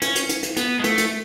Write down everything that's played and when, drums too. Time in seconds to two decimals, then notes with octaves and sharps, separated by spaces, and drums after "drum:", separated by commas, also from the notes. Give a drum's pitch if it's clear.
0.02 C#4, drum: hi-hat
0.16 drum: hi-hat
0.29 drum: hi-hat
0.43 drum: hi-hat
0.57 B3, drum: hi-hat
0.79 G#3
0.84 A3, drum: hi-hat
0.98 drum: hi-hat